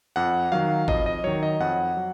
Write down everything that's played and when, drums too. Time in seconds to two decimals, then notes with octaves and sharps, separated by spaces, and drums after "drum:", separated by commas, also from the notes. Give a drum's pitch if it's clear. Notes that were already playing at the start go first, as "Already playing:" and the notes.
0.16 F2 F#5
0.52 D#3 F#3 F5
0.88 F2 D#5, drum: kick
1.06 D#5
1.24 D#3 F#3 C#5
1.43 D#5
1.60 F2 F#5
1.97 F#3